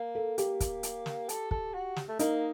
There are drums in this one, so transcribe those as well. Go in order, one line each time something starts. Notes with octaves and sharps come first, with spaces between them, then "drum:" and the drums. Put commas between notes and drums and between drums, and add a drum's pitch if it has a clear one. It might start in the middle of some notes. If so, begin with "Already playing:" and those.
Already playing: A#3
A4
A#3 G4, drum: hi-hat
drum: kick, hi-hat
drum: hi-hat
drum: snare
A4, drum: hi-hat
A4, drum: kick
F#4
drum: snare
A3
A#3 D#4, drum: hi-hat